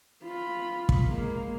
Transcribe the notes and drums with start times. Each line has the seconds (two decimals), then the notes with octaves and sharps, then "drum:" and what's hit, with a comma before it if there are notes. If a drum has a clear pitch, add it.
0.23 F4 B5
0.89 drum: kick
1.08 G#3 A#3